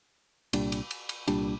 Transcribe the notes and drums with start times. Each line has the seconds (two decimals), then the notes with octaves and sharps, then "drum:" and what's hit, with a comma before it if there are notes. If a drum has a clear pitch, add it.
0.53 C2 A#2 G3 D4, drum: cymbal
0.72 drum: cymbal
0.91 drum: cymbal
1.09 drum: cymbal
1.28 C2 A#2 G3 D4, drum: cymbal